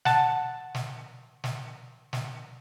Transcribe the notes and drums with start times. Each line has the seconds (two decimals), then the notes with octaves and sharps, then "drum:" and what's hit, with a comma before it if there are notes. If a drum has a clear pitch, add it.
0.05 F#5 A5, drum: snare
0.75 drum: snare
1.44 drum: snare
2.13 drum: snare